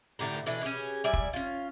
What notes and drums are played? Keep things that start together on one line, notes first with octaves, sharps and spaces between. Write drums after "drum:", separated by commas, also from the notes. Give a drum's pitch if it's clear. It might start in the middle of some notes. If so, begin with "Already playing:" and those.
A2 D3 G4 A#5
drum: hi-hat
B2 E3 D4 A4
C#4 G4 G#4 B4
G3 D5 E5 G#5
drum: kick
C#4 F4